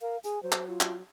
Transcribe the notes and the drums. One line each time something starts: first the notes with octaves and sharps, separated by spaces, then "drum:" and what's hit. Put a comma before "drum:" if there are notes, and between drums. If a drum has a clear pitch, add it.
A#4 F5
G#4 G#5, drum: hi-hat
F#3 C5
drum: clap
F4
drum: clap